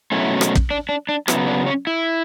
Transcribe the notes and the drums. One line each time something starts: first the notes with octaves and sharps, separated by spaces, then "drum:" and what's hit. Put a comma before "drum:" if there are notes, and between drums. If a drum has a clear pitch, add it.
B2 F#3 A3 C#4 E4
drum: rim click
drum: kick
D4
D4
D4
C#3 F#3 B3 E4, drum: rim click
D4
C#4
E4